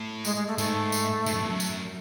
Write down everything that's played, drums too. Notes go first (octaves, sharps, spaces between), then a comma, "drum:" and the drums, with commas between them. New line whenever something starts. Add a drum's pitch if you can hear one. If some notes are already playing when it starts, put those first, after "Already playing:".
Already playing: A2
G#3, drum: tambourine
G#3
A3
G#2 A3, drum: tambourine
drum: tambourine
G#2, drum: tambourine
F#2
E2
F#2
drum: tambourine